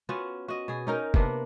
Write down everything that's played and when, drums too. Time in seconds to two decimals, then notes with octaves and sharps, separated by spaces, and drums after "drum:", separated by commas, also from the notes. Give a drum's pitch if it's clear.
0.09 B3 C#4 F4 F#4
0.48 F#4 D#5
0.68 B2 G#4
0.87 C#4 D#4 A#4 G5
1.14 C3 A#3 B3 D4, drum: kick